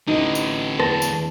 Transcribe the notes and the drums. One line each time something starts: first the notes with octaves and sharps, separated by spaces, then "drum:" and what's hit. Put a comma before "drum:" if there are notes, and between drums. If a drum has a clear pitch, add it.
A1 A2 D3 D#4
drum: tambourine
E2 A5, drum: rim click
drum: tambourine